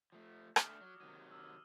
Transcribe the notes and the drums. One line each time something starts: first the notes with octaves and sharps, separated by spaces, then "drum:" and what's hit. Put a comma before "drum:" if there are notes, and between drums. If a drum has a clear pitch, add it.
F3 A3
A3 D4 D6 D#6 F6, drum: rim click
F#3
C3 D#3 F#3 D#7
E6 F6